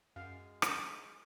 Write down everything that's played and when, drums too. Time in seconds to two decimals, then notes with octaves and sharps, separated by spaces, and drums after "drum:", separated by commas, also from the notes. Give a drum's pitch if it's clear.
0.16 F#2 G#3 F#4 F5 F#5
0.62 drum: rim click